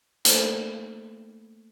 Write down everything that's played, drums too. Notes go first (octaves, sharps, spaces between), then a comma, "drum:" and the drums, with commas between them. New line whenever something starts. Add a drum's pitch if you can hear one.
A3 A#3 A4 C5, drum: hi-hat